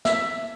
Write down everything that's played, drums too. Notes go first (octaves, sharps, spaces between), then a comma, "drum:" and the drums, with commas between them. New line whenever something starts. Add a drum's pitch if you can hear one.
E5, drum: snare